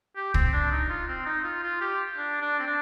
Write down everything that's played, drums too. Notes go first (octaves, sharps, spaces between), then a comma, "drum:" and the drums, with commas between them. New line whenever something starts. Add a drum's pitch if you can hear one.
G4
C4, drum: kick
D4
D#4
F4
C4
D#4
F4
F4
G4
D4
D4
C4
D4